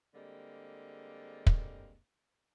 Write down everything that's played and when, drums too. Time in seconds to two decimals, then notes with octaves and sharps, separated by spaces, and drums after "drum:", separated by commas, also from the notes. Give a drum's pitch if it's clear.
0.14 D3 G3 G#3 A#3 C4
1.47 drum: kick